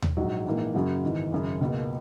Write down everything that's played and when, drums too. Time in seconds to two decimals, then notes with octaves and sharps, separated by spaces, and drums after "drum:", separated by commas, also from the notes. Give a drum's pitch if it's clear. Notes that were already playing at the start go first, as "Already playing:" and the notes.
0.02 drum: tom D#2
0.17 A#1 G#2 F#3
0.46 A#1 G#2 E3 A#3
0.74 F#2 C#3 F#3
1.03 G#1 G#2 E3
1.32 G#1 F#2 C#3
1.61 C#2 B2 A#3